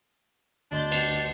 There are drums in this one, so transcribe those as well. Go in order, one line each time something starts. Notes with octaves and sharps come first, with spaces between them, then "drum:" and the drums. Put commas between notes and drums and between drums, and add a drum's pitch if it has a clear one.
G1 D2 D4 D#5 C6 G6 A6
drum: cymbal